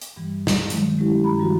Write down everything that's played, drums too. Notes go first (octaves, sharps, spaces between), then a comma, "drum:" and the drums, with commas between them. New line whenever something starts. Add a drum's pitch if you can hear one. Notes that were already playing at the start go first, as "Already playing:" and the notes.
drum: hi-hat
G2 E3 G3
drum: snare
D#3 F#3 G#3 A3, drum: hi-hat
F#3 G#3 C#4 E4 G4
G2 A#5 B5
D#3 F3 G3 F#4